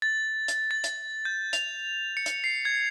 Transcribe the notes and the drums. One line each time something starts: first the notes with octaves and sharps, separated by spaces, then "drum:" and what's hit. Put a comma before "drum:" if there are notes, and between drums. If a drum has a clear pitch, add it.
A6
drum: hi-hat
A6
drum: hi-hat
G6
F7, drum: hi-hat
C#7
drum: hi-hat
C7
G#6